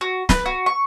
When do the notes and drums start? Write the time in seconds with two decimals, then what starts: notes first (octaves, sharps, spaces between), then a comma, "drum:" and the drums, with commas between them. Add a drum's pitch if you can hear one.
0.01 F#4
0.29 B4, drum: snare
0.46 F#4
0.66 C#6